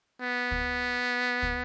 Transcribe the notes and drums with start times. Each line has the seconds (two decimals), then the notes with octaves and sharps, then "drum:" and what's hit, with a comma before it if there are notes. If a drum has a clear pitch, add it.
0.21 B3
0.51 drum: kick
1.42 drum: kick